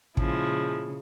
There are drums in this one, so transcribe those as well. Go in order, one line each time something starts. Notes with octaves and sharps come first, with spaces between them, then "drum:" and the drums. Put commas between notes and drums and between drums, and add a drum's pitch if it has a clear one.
A#2 C#3 F3 G#3 E4, drum: kick